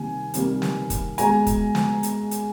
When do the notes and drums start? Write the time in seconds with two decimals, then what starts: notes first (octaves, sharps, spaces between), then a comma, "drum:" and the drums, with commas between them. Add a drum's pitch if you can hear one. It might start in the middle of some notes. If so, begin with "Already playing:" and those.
Already playing: C3 D#3 G3 A#3 G#5
0.34 C3 D#3 G3 A#3, drum: hi-hat
0.62 drum: snare
0.90 drum: kick, hi-hat
1.18 B2 G#3 G#5 A#5, drum: hi-hat
1.47 drum: kick, hi-hat
1.75 drum: snare
2.03 drum: hi-hat
2.31 drum: hi-hat